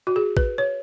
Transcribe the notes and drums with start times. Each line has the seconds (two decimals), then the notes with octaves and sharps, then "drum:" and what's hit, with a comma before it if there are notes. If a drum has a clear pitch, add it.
0.07 F#4
0.16 G#4
0.37 B4, drum: kick A1
0.58 C#5